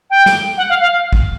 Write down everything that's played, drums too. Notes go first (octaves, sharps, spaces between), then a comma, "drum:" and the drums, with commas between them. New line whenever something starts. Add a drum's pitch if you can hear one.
G5
drum: snare
F#5
F5
F5
drum: kick